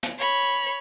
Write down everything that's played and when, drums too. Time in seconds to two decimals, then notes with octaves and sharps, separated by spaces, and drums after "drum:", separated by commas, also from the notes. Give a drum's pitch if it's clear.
0.03 drum: hi-hat
0.19 C#5 B5